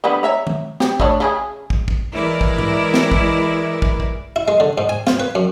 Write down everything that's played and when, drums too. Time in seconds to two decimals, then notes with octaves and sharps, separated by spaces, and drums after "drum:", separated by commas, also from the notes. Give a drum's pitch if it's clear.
0.04 D3 G3 B3
0.23 C#5 E5 A#5
0.47 drum: tom
0.80 G4, drum: snare
1.00 A3 D4 C#5, drum: kick
1.20 C#3 E4 G#4
1.70 drum: kick
1.88 drum: kick
2.14 E3 G#3 E4 A#4 D5
2.41 drum: kick
2.59 drum: tom G#2
2.94 drum: snare
3.12 drum: kick
3.82 drum: kick
4.00 drum: kick
4.36 E4
4.48 G#3
4.60 D3
4.78 G#2
4.89 G#5
5.07 F4, drum: snare
5.20 B4
5.35 F#2